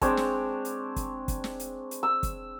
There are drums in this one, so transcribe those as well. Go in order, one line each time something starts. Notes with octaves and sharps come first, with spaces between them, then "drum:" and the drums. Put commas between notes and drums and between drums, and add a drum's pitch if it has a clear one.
G#3 C4 D4 C#5, drum: kick, hi-hat
drum: snare
drum: hi-hat
drum: kick, hi-hat
drum: kick, hi-hat
drum: snare
drum: hi-hat
drum: hi-hat
E6
drum: kick, hi-hat